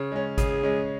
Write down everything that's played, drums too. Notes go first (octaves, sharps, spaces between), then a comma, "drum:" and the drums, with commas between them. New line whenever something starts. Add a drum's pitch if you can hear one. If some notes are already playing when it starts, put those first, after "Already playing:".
Already playing: C#3 C#5
G#3 C#4
C#3 G#4, drum: kick G#1, hi-hat
G#3 C#4